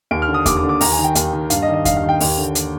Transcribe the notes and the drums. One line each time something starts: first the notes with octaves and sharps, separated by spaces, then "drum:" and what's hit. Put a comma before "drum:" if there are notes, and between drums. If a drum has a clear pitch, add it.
D#2 D7
F6
D3
D#6
D#2 D6, drum: kick E2, hi-hat
D6
D3
D6
D#2 A#5, drum: open hi-hat
G#5
D#3
G5
D#2, drum: hi-hat
D#3
G2 F5, drum: hi-hat
D#5
D#3
D#5
G2 F5, drum: kick E2, hi-hat
F5
D#3
G5
D#2, drum: open hi-hat
D3
drum: hi-hat